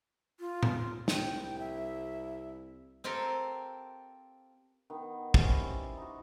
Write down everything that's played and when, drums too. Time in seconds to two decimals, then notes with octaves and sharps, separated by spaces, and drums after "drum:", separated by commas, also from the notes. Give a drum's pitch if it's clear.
0.40 F4
0.63 drum: tom A2
1.08 C2 G5, drum: snare
1.59 E5
3.04 C4 F4 G4 A4 A#4
4.90 D#3 B3
5.34 C#4 E4 G4 C5, drum: kick
5.70 D5
5.97 D#4 F#4